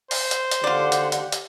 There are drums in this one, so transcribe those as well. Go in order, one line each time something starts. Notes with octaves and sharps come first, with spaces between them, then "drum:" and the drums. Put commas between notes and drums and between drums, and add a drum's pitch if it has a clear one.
C5, drum: open hi-hat
drum: hi-hat
drum: hi-hat
D3 F4 G4 D5 F#5
drum: hi-hat
drum: hi-hat
drum: hi-hat